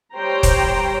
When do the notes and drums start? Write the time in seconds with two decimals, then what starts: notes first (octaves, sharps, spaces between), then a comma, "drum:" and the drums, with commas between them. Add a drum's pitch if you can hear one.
0.14 G3 C5 C#5 G5 A#5
0.43 drum: kick D#1, hi-hat